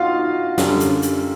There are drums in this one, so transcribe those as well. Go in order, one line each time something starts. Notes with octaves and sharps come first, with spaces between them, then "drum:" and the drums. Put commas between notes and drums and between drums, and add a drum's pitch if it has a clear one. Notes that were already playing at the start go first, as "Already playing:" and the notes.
Already playing: D#4 F4 F#4 F5
F#2 D3 G3, drum: snare
drum: hi-hat
drum: hi-hat